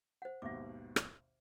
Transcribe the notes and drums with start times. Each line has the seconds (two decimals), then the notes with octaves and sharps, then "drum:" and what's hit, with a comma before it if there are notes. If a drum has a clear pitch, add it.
0.22 C5 F#5
0.42 G#1 D#2 B2 E5 D6
0.96 drum: rim click